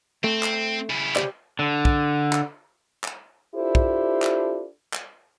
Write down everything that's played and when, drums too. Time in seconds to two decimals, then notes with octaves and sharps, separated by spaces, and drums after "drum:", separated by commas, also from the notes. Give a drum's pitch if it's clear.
0.24 A3 C4
0.43 drum: clap
0.90 C#3 E4
1.16 G4 C5 D5, drum: clap
1.59 D3
1.85 drum: kick
2.33 drum: clap
3.04 drum: clap
3.55 D4 E4 F4 G4 A4 C5
3.75 drum: kick
4.22 drum: clap
4.94 drum: clap